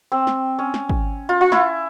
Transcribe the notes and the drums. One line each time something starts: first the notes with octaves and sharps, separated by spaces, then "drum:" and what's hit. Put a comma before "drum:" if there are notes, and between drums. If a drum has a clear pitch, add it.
C4
drum: snare
C#4
drum: snare
drum: kick
F4
F4
E4, drum: snare